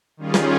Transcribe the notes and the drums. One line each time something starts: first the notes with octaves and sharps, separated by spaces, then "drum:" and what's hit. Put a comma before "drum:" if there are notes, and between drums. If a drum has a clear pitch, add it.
D#3 G3 C#4 F4 G#4
drum: snare